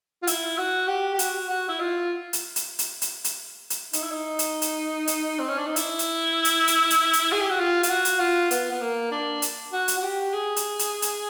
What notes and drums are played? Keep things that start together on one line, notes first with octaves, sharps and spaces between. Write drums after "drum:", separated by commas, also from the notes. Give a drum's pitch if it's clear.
F4
E4, drum: hi-hat
F#4
G4
G4
F#4, drum: hi-hat
F#4
E4
F4
drum: hi-hat
drum: hi-hat
drum: hi-hat
drum: hi-hat
drum: hi-hat
drum: hi-hat
D#4, drum: hi-hat
E4
D#4
drum: hi-hat
drum: hi-hat
drum: hi-hat
C4
C#4
D4
D#4
E4, drum: hi-hat
drum: hi-hat
drum: hi-hat
drum: hi-hat
drum: hi-hat
drum: hi-hat
G#4
G4
F#4
F4
F4, drum: hi-hat
F#4
drum: hi-hat
F4
B3, drum: hi-hat
B3
A#3
D4
drum: hi-hat
F#4
drum: hi-hat
F#4
G4
G#4
drum: hi-hat
drum: hi-hat
drum: hi-hat